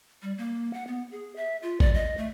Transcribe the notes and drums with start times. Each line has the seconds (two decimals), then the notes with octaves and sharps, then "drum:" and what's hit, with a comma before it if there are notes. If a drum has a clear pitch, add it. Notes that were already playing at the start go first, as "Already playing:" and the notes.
0.22 G3
0.38 A#3
0.74 F#5
0.87 B3
1.11 G#4
1.36 E5
1.62 F4
1.80 D5, drum: kick
1.94 D#5
2.18 A3